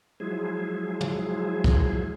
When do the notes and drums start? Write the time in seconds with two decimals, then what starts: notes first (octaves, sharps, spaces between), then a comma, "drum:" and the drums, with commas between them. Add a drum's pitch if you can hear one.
0.20 F3 F#3 G#3 E4 G#4
1.01 drum: tom
1.64 drum: kick B1